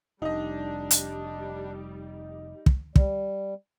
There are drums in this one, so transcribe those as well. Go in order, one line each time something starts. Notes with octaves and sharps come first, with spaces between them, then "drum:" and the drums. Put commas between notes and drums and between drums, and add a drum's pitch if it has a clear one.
F1 G3 D4 D#4 G4 D#5
drum: hi-hat
drum: kick
G3, drum: kick